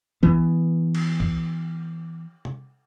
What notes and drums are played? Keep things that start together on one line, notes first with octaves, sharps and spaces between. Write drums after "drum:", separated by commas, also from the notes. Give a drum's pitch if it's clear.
E3 B3, drum: kick
drum: cymbal
drum: kick
drum: tom